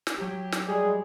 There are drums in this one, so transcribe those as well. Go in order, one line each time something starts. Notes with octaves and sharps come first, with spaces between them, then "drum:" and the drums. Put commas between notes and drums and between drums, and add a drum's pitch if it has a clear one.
drum: snare
F#3 G4
drum: snare
G3 G#3 G#4